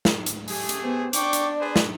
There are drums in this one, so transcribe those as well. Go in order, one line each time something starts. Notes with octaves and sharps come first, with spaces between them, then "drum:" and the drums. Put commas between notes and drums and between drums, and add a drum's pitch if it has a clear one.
drum: snare
drum: hi-hat
A3 G4 G#4, drum: open hi-hat
drum: hi-hat
B3 C5
D4 D5 G5 C#6 D6, drum: hi-hat
drum: hi-hat
G#4 B4 C5
drum: snare